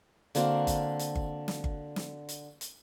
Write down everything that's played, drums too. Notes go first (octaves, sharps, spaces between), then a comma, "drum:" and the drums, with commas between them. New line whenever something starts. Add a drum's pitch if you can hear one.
D3 A#3 C4 F#4, drum: hi-hat
drum: kick G1, hi-hat
drum: hi-hat
drum: kick G1
drum: snare
drum: kick G1
drum: snare
drum: hi-hat
drum: hi-hat